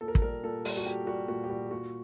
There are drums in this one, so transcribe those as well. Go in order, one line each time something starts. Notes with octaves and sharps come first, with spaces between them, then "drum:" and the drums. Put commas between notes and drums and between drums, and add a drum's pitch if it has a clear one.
A#2 A4
A#4
A4, drum: kick
G3 A#4
A#2 A4
G3, drum: open hi-hat
F#4
A#2 G4
G3 F#4
A#2 F#4
G4
G3 F#4
A#2 F#4